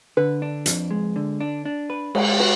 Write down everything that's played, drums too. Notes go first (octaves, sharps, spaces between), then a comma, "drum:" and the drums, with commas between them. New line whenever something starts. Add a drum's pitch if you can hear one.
D3 B4
D4
F2, drum: hi-hat
G#3
D3
D4
D4
B4
G#3, drum: cymbal
F#4 B4